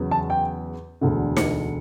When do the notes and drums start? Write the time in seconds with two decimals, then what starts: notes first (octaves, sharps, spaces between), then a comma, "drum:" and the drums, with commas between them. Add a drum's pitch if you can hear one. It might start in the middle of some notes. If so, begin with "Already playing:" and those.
Already playing: E2 C#3 F#3 B3
0.11 A5
0.30 G5
1.01 E1 D2 D3
1.37 C#7, drum: snare D#4